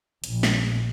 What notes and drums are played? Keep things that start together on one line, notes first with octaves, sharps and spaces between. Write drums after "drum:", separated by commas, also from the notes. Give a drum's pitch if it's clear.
A#1, drum: hi-hat
drum: snare